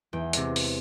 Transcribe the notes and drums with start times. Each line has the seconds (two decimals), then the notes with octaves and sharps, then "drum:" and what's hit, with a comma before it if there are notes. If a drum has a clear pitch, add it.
0.13 E2 G5
0.33 C3 G#3, drum: hi-hat
0.56 drum: open hi-hat